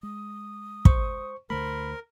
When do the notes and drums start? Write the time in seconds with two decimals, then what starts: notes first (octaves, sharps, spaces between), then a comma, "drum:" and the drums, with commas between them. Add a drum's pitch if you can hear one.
0.03 G#3 D#6
0.85 C5 C#6, drum: kick
1.50 D2 D3 A3 A#4 C5 B5